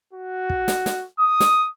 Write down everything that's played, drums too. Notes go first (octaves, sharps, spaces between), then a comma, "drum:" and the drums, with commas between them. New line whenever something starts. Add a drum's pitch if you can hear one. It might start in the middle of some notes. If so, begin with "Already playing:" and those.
F#4
drum: kick
drum: snare
drum: snare
D#6
drum: snare